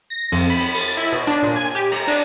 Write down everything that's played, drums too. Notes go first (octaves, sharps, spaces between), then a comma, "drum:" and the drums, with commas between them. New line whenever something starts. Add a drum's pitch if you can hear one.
A#6
F2, drum: cymbal
B5
drum: cymbal
A6, drum: cymbal
E4
B2
D4
A#2
G#5
G4
A#5, drum: cymbal
D4, drum: cymbal